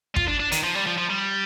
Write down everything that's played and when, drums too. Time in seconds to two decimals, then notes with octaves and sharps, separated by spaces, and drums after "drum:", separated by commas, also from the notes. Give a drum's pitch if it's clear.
0.16 F4, drum: kick
0.28 D4
0.40 D4
0.52 D#3, drum: hi-hat
0.63 F3
0.75 G3
0.87 F3
0.98 F3
1.10 G3